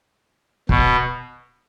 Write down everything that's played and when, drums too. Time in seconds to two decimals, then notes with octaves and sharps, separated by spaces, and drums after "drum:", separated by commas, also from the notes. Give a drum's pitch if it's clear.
0.69 B2, drum: kick